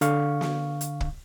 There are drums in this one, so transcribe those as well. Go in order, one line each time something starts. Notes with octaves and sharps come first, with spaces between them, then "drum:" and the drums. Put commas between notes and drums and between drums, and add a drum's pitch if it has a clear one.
D3 F5 C#6, drum: hi-hat
drum: snare
drum: hi-hat
drum: kick